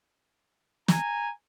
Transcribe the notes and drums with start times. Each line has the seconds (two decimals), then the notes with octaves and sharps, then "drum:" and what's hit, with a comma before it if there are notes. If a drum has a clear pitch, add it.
0.88 G#5 A#5, drum: snare